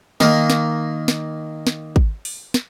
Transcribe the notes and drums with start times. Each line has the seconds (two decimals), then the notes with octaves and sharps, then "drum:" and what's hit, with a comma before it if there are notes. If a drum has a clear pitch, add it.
0.20 D#3 A#3, drum: snare
0.50 drum: snare
1.08 drum: snare
1.67 drum: snare
1.96 drum: kick
2.25 drum: open hi-hat
2.54 drum: snare